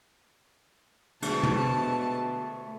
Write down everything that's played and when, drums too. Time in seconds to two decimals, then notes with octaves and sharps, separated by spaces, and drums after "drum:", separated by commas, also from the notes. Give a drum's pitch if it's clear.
1.22 B2 D3 G#3 A3 A5, drum: cymbal
1.43 drum: tom